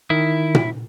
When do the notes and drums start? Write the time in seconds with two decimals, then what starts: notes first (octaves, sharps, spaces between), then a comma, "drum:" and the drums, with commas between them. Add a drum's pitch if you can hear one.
0.10 D#3 E4
0.55 drum: tom A#2